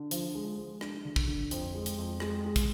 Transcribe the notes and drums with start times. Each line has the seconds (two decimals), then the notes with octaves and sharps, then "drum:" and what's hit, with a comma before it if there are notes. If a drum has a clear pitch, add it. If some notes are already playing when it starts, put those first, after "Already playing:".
Already playing: D3
0.11 F3, drum: hi-hat
0.35 G#3
0.58 G#3
0.81 D4, drum: rim click
1.05 D3
1.16 drum: kick
1.27 D3
1.51 F2, drum: hi-hat
1.75 G#3
1.86 drum: hi-hat
1.98 F2
2.20 G#3, drum: rim click
2.45 G#3
2.56 drum: kick, hi-hat